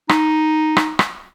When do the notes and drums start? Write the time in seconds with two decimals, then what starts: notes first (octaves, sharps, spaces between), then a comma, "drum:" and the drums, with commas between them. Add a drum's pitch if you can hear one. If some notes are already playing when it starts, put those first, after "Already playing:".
0.09 D#4, drum: rim click
0.77 drum: rim click
0.99 drum: rim click